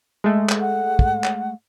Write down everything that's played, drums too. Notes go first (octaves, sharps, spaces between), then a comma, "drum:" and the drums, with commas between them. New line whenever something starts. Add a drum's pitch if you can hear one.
G#3 A3
drum: clap
F#5
drum: kick
drum: clap